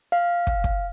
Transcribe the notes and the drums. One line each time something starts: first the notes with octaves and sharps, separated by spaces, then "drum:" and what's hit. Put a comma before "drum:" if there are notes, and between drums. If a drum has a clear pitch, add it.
F5
drum: kick
drum: kick